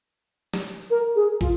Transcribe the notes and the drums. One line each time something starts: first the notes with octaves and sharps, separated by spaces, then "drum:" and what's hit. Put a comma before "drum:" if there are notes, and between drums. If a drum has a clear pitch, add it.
drum: snare
A#4
G#4
F4, drum: kick